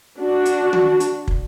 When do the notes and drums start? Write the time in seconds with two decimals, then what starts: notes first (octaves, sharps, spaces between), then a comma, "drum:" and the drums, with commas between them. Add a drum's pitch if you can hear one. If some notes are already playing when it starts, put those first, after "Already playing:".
0.18 D4 F#4
0.45 drum: hi-hat
0.73 drum: tom
1.00 drum: hi-hat
1.28 drum: kick